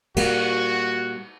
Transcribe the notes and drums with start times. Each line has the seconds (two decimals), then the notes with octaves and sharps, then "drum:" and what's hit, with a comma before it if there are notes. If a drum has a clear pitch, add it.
0.17 A#2 G3 A#3 F#4, drum: cymbal